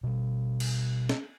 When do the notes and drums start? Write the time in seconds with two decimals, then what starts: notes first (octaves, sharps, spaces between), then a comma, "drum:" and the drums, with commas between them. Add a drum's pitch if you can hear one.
0.03 B2 G3
0.60 drum: cymbal
1.09 drum: snare